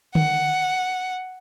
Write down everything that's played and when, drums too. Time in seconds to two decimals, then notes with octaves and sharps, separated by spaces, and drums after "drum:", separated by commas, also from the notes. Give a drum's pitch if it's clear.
0.15 F#5, drum: tom D3